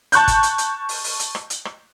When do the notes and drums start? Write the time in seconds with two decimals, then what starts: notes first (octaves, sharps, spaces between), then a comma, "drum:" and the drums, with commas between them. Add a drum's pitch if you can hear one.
0.12 A5 C#6 F#6 G6, drum: hi-hat
0.28 drum: kick, hi-hat
0.43 drum: hi-hat
0.58 drum: hi-hat
0.89 drum: open hi-hat
1.04 drum: open hi-hat
1.19 drum: hi-hat
1.35 drum: rim click
1.50 drum: hi-hat
1.65 drum: rim click